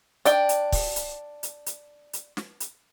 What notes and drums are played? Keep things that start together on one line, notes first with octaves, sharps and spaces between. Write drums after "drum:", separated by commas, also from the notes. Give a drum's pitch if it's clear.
D4 D5 G5, drum: hi-hat
drum: hi-hat
drum: kick, open hi-hat
drum: hi-hat
drum: hi-hat
drum: hi-hat
drum: hi-hat
drum: snare
drum: hi-hat